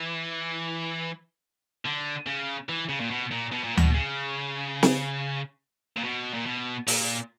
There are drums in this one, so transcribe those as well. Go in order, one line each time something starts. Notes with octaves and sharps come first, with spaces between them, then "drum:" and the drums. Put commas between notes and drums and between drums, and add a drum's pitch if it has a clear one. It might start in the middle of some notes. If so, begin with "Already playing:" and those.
Already playing: E3
D3
C#3
E3
C#3
A#2
B2
A#2
B2
A#2
B2, drum: tom D2
C#3
drum: snare
A#2
B2
A#2
B2
A#2, drum: open hi-hat